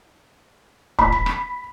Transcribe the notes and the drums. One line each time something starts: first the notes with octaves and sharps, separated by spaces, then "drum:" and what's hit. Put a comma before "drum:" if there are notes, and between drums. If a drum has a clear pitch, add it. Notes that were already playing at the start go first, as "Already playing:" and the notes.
B5, drum: kick
drum: kick
drum: rim click